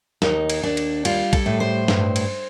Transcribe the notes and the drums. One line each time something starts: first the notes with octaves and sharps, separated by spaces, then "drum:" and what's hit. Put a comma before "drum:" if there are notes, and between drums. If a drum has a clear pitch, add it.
D#2 D#4, drum: snare
drum: cymbal
D#2 D4
drum: cymbal
G3 F4, drum: cymbal
A4, drum: kick A#1, cymbal
A2
C5
G2, drum: snare
drum: cymbal